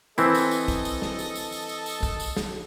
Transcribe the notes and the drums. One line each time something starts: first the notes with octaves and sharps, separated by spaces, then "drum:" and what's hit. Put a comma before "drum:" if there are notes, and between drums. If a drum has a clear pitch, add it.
E3 C4 E4 A4 D#5, drum: tambourine
drum: tambourine
drum: tambourine
drum: kick, tambourine
drum: tambourine
drum: snare
drum: tambourine
drum: tambourine
drum: tambourine
drum: tambourine
drum: tambourine
drum: kick, tambourine
drum: tambourine
drum: snare